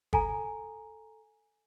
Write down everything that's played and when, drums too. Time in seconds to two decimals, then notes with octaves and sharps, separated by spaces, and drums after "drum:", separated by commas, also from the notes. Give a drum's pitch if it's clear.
0.13 A4 G#5 A#5, drum: kick G1